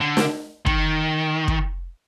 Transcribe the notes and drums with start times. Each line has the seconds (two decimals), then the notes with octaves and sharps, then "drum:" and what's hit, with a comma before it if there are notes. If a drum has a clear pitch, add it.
0.01 D3
0.17 drum: snare
0.66 D#3, drum: kick
1.48 drum: kick